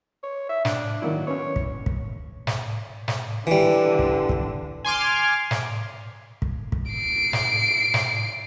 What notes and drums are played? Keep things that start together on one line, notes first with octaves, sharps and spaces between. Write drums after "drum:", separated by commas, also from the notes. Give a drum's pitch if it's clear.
C#5
E5
D4, drum: snare
D#3 F#3 A#3 E4
B3 C#4 C#5
drum: kick
drum: kick
drum: snare
drum: snare
D3 E3 G3
drum: kick
drum: kick
G#5 C6 D6 F6
drum: snare
drum: kick
drum: kick
C7 D7
drum: snare
drum: snare